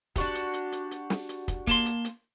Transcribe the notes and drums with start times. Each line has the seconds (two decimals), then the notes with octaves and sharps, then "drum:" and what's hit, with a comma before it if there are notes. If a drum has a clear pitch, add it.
0.16 D4 F#4 G4, drum: kick, hi-hat
0.35 drum: hi-hat
0.53 drum: hi-hat
0.72 drum: hi-hat
0.91 drum: hi-hat
1.10 drum: snare
1.29 drum: hi-hat
1.48 drum: kick, hi-hat
1.67 A#3 A5 C6, drum: kick, hi-hat
1.86 drum: hi-hat
2.05 drum: hi-hat